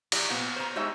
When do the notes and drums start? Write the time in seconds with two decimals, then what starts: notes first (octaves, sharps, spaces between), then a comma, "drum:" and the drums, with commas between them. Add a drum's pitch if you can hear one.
0.12 F#3 G3 E4 D5, drum: cymbal
0.30 A#2 F3 B3
0.56 C5 A#5
0.76 G3 G#3 D#4 F#4 C5 E5